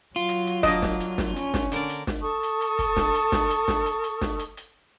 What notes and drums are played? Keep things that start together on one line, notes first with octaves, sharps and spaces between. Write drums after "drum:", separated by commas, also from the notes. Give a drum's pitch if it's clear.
F#3 F4
drum: hi-hat
drum: hi-hat
A#3 D4 D#5, drum: kick, hi-hat
drum: snare
drum: hi-hat
drum: snare
C#4, drum: hi-hat
drum: snare
D3 A#4 D5, drum: hi-hat
drum: hi-hat
drum: snare
A4 A5 C#6 D#6
drum: hi-hat
drum: hi-hat
drum: kick, hi-hat
drum: snare
drum: hi-hat
drum: snare
drum: hi-hat
drum: snare
drum: hi-hat
drum: hi-hat
drum: snare
drum: hi-hat
drum: hi-hat